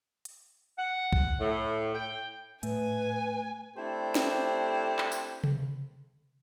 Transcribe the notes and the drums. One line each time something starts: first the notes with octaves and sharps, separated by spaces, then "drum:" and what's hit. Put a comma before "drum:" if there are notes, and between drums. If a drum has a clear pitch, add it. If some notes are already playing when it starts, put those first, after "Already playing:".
drum: hi-hat
F#5
drum: kick
A2
G5
A2 A3 B4 G#5, drum: hi-hat
A3 C4 D4 E4 G4 C5
drum: snare
drum: clap
drum: tambourine
drum: tom C3